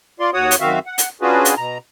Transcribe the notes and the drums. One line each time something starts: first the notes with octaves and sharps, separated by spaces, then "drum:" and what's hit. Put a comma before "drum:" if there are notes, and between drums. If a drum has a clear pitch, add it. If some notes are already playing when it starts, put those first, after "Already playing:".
F4 D5 C6
D#2 F#4 C#5 F#5 D#6
drum: hi-hat
F#2 D#3 C4 F#4 E5 F5
F#5
drum: hi-hat
C#4 D4 F4 F#4 G#4 B4
drum: hi-hat
B2 A#5